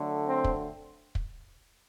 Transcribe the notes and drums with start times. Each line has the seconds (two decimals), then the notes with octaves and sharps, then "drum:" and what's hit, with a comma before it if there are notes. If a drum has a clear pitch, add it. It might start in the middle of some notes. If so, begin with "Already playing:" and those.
Already playing: D3 F#3 A3
0.27 C4
0.44 drum: kick
1.15 drum: kick